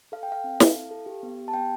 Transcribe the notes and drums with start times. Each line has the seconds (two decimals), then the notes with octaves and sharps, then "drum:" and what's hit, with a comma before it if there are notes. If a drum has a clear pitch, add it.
0.12 A4 F5
0.23 G5
0.28 A4 F5
0.44 C4
0.60 A4, drum: snare
0.76 E4
0.91 A4
1.06 G4
1.23 B3
1.39 G4
1.48 A5
1.53 B3 G5